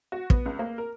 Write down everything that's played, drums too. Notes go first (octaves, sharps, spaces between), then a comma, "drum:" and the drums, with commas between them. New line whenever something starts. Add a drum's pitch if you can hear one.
F#4
B3, drum: kick
C#2
A#3
A#4